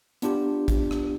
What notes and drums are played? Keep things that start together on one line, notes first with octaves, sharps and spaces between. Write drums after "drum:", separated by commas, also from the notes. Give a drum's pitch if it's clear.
B3 D4 F4 G4, drum: hi-hat
drum: kick A1, hi-hat
drum: rim click